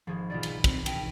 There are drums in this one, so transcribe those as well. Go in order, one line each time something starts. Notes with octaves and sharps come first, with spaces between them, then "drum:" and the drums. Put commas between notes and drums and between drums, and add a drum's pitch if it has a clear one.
G#1 F3 G#4
B1 B2 E3 F4 D5
drum: cymbal
F2 C4, drum: kick, cymbal
D4 G5, drum: cymbal